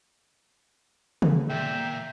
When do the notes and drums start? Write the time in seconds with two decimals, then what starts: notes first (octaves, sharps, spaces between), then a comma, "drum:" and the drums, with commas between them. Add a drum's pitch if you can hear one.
1.22 drum: tom C#3
1.50 A#2 E5 G5